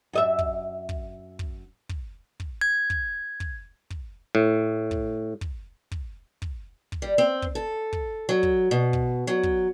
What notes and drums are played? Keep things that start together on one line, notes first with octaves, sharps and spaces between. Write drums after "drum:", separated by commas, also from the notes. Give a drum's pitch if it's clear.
F#2 D#5 E5
drum: kick
drum: kick
drum: kick
drum: kick
drum: kick
G#6
drum: kick
drum: kick
drum: kick
A2
drum: kick
drum: kick
drum: kick
drum: kick
drum: kick
G3
C4
drum: kick
A4
drum: kick
F#3
drum: kick
B2
drum: kick
F#3
drum: kick